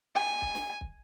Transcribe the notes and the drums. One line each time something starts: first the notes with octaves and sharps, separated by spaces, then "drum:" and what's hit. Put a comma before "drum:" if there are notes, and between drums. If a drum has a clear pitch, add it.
G#5
drum: kick
drum: snare
drum: kick